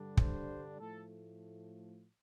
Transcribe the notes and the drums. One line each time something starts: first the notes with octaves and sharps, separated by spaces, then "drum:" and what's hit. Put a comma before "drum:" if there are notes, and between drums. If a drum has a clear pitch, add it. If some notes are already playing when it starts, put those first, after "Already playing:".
Already playing: G2 D3 G3 D4
C5, drum: kick
A2 F3 A3 A4